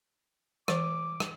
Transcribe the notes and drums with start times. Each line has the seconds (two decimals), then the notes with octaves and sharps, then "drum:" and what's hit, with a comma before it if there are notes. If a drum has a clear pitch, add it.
0.68 E3 C5 D6, drum: rim click
1.20 drum: rim click